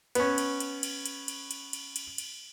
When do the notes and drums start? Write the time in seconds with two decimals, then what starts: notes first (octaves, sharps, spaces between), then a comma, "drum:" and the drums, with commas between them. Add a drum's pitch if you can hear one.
0.15 B3 C#4, drum: cymbal
0.38 drum: cymbal
0.60 drum: cymbal
0.83 drum: cymbal
1.06 drum: cymbal
1.28 drum: cymbal
1.51 drum: cymbal
1.73 drum: cymbal
1.96 drum: cymbal
2.18 drum: cymbal